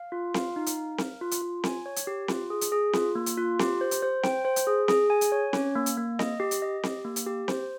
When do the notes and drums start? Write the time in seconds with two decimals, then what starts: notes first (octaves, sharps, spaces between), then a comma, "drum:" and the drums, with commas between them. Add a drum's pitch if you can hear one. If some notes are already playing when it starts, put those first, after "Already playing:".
Already playing: F5
0.12 F4
0.34 F5, drum: snare C4
0.56 D#4
0.66 drum: hi-hat
0.77 F5
0.98 A#4, drum: snare C4
1.21 F4
1.31 drum: hi-hat
1.42 F4
1.64 G#5, drum: snare C4
1.86 C#5
1.96 drum: hi-hat
2.07 G4
2.28 F4, drum: snare C4
2.50 G#4
2.61 drum: hi-hat
2.72 G#4
2.93 F4, drum: snare C4
3.15 A#3
3.26 drum: hi-hat
3.38 F4
3.59 G4, drum: snare C4
3.81 C5
3.91 drum: hi-hat
4.03 C5
4.23 G5, drum: snare C4
4.45 C5
4.56 drum: hi-hat
4.67 G#4
4.88 G#4, drum: snare C4
5.10 G#5
5.21 drum: hi-hat
5.32 C#5
5.53 C#4, drum: snare C4
5.75 A#3
5.86 drum: hi-hat
5.97 A#3
6.19 D#5, drum: snare C4
6.40 G4
6.51 drum: hi-hat
6.62 D#5
6.83 G4, drum: snare C4
7.05 A#3
7.16 drum: hi-hat
7.27 G4
7.48 C5, drum: snare C4